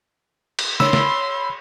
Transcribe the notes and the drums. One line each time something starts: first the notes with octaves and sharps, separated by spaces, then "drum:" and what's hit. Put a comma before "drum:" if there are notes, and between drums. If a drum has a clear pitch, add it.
drum: cymbal
C#5 B5 C6 E6, drum: snare
drum: snare